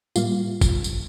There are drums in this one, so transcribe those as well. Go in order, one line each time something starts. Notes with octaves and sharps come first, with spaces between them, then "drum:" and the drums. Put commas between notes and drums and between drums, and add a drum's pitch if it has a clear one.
A2 G3 A#3 F4, drum: tambourine
drum: kick A1, tambourine
drum: tambourine